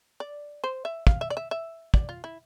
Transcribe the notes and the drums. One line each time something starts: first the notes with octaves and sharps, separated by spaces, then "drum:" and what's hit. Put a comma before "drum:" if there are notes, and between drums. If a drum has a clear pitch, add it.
D5
C5
E5
F5, drum: kick
E5
D5
E5
E5
D5, drum: kick
F4
E4